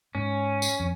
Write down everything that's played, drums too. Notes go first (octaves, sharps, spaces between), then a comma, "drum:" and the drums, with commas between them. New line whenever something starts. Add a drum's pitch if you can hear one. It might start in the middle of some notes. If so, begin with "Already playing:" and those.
G#2 C#4
drum: tambourine
F2